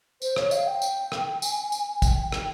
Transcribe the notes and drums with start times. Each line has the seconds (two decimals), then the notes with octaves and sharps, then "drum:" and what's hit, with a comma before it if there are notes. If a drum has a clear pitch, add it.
0.22 C5, drum: tambourine
0.36 C#5, drum: rim click
0.51 F5, drum: tambourine
0.66 G5
0.82 drum: tambourine
1.12 drum: rim click
1.42 G#5, drum: tambourine
1.72 drum: tambourine
2.02 G5, drum: kick, tambourine
2.32 drum: rim click